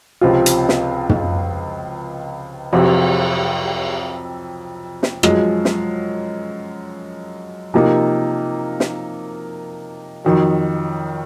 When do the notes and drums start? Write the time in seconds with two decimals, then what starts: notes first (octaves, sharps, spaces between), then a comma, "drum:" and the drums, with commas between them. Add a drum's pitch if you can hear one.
0.21 C#2 C3 F3 C4 F4
0.46 drum: hi-hat
0.69 drum: snare
1.09 drum: tom
2.73 F2 C3 F#3 C4, drum: cymbal
5.03 drum: snare
5.23 F#2 F3 G#3, drum: rim click
5.65 drum: snare
7.74 C3 F3 A#3 D#4
8.80 drum: snare
10.25 F2 D#3 F#3